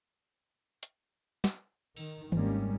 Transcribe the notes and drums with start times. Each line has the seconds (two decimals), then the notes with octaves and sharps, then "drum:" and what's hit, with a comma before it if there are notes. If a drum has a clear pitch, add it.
0.83 drum: hi-hat
1.44 drum: snare
1.96 D#3, drum: cymbal
2.32 G#1 G#2 G3 G#3 A#3 C#4, drum: tom D#3